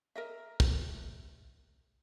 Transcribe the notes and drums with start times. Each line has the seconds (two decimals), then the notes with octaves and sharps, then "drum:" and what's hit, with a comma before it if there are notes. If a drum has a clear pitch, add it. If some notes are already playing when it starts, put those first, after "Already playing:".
0.15 A#4 D#5 E5
0.60 drum: kick